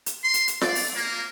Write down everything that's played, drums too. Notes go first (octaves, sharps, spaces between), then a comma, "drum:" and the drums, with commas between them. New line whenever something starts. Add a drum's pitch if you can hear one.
drum: hi-hat
C6
drum: hi-hat
drum: hi-hat
D5, drum: snare F4
drum: open hi-hat
A#3